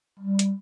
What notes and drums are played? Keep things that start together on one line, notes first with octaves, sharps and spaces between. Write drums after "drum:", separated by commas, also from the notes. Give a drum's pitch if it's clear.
G3
drum: hi-hat